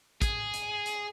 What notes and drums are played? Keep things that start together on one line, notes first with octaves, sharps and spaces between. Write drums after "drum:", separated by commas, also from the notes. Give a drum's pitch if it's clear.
G#4, drum: kick, hi-hat
drum: hi-hat
drum: hi-hat